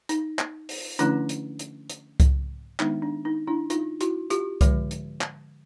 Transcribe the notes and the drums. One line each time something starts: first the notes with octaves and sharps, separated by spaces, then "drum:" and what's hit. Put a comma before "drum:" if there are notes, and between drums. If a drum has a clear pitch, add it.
D#4, drum: hi-hat
drum: clap
drum: open hi-hat
D3 F3 A3 C#4 D4 E4, drum: hi-hat
drum: hi-hat
drum: hi-hat
drum: hi-hat
drum: kick C2, hi-hat
D#3 G#3 B3 D4 D#4, drum: clap
D4
D#4
D4 E4
D#4 F4, drum: hi-hat
E4 F#4, drum: hi-hat
F4 G4, drum: hi-hat
D3 F3 G#3, drum: kick C2, hi-hat
drum: hi-hat
drum: clap